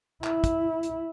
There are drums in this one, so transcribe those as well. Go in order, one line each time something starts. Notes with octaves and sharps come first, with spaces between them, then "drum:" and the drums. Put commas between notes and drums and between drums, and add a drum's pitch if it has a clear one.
E4, drum: clap
drum: kick, hi-hat
drum: hi-hat